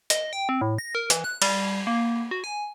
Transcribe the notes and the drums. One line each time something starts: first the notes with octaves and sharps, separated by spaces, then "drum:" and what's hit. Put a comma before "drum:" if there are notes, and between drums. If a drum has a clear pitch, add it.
D#5, drum: hi-hat
G5
C4
A2
A#6
A#4
E3, drum: hi-hat
F#6
G3, drum: cymbal
A#3
F#4
G#5